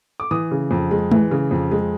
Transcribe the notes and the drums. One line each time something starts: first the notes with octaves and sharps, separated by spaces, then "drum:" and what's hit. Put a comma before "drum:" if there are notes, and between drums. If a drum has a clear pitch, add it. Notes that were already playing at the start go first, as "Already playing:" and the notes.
D6
E3 D#6
C#3
F2
G#3
E3, drum: tom G#3
C#3
F2
G#3